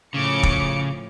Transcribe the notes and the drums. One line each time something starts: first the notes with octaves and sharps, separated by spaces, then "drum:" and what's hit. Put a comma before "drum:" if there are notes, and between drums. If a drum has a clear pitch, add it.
A2 C#3 F3 D6 C#7
drum: kick